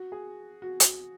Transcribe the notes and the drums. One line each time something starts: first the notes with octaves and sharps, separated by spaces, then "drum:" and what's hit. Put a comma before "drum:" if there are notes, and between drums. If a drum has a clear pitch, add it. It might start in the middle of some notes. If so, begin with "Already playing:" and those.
Already playing: F#4
G#4
F#4
drum: hi-hat